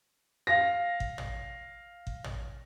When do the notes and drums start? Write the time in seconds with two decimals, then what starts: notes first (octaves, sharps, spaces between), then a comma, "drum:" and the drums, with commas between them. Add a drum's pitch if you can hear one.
0.47 F5 A#6
1.00 drum: kick G1
1.18 drum: tom
2.07 drum: kick G1
2.24 drum: tom